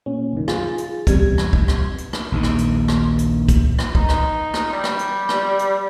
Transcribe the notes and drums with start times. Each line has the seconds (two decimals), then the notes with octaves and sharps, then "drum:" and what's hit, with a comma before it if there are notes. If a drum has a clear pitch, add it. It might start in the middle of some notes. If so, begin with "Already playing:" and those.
0.06 A#2 C#4
0.33 C2 F#2 D#3
0.48 F4 G#4 A6, drum: rim click
0.78 drum: hi-hat
1.07 E2 C3 G3 G#6, drum: kick, hi-hat
1.38 drum: rim click
1.53 drum: kick
1.68 drum: rim click
1.98 drum: hi-hat
2.13 drum: rim click
2.32 A#1 D#2 D#3
2.43 drum: rim click
2.58 drum: hi-hat
2.88 drum: rim click
3.18 drum: hi-hat
3.49 drum: kick, hi-hat
3.79 drum: rim click
3.95 D#4, drum: kick
4.09 drum: rim click
4.54 drum: rim click
4.72 G3
4.84 drum: rim click
4.99 drum: hi-hat
5.29 drum: rim click
5.59 drum: hi-hat